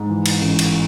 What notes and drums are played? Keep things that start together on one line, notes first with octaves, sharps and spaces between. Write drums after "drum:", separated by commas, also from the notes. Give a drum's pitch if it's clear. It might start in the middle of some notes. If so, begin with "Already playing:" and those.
Already playing: G#2
E3
drum: cymbal
A1
drum: cymbal